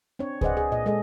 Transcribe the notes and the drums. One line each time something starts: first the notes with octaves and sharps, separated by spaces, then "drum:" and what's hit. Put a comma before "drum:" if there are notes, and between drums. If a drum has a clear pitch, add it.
C4 D4 C#5
G#4 B4 C5 D5 D#5 F#5, drum: kick C#2
G#4
A#2 D#5
G#3 G#4 A4 D#5